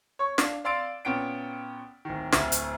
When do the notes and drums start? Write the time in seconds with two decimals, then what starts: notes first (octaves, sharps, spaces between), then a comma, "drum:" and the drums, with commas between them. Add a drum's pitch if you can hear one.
0.19 C#5 C#6
0.38 D4 F5, drum: snare
0.64 D5 F5 C6 E6 A6 D7
1.05 A#2 B3 C#4 F#5 G5 D7
2.05 D1 D#3
2.32 D1 D2, drum: snare
2.52 drum: hi-hat